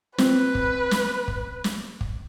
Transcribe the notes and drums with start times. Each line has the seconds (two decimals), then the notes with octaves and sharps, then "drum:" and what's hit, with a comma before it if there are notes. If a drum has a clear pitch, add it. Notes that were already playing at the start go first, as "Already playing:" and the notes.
0.18 C4 B4, drum: snare
0.55 drum: kick
0.91 drum: snare
1.28 drum: kick
1.64 drum: snare
2.01 drum: kick